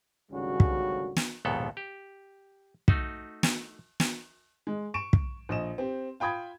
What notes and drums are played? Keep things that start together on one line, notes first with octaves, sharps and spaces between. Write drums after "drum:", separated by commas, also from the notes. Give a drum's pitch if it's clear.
G#1 D2 C#3 G3 C#4 F#4
drum: kick
drum: snare
A#1 D#2 G#2 B2 B3 A4
G4
A3 D#4 F#4, drum: kick
drum: snare
drum: snare
G#3
C#6 D7 E7
drum: kick
A#1 D#5 E7
C4 G4
F4 G5 B5 D#6 G#6